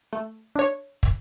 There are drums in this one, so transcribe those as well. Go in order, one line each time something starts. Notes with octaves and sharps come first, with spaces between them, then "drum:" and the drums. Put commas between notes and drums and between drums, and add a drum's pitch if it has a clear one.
A3
D4 C#5
drum: kick